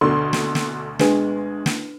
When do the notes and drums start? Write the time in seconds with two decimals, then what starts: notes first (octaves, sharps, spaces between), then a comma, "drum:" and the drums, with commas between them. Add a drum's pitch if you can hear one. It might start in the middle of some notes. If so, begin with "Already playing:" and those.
0.01 D2 B2 D3 C6
0.33 drum: snare
0.55 drum: snare
0.99 G#3 D4 B4, drum: snare
1.66 drum: snare